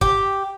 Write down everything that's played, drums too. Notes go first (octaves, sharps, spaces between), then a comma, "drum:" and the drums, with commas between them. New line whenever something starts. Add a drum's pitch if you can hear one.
G4, drum: kick